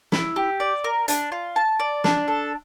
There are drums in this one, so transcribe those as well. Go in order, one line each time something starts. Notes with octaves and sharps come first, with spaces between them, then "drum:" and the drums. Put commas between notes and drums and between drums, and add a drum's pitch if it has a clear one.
E4, drum: snare
G4
D5
A#4
D4, drum: hi-hat
F4
A5
D5
D4, drum: snare
A4